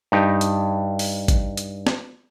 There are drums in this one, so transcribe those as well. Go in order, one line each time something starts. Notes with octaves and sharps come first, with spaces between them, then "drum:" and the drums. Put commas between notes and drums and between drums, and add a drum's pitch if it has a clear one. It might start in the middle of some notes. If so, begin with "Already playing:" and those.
G2 D#4 G4
drum: hi-hat
drum: open hi-hat
drum: kick, hi-hat
drum: hi-hat
drum: snare